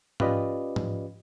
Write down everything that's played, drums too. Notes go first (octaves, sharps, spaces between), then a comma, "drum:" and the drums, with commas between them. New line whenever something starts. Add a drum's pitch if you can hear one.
C#4 F4 G4 B4 D5 D#5, drum: tom G#2
drum: tom G#2